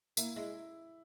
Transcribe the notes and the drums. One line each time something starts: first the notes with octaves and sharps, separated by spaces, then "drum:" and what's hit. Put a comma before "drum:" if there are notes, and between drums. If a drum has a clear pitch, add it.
A#3 E4, drum: tambourine
G#3 E4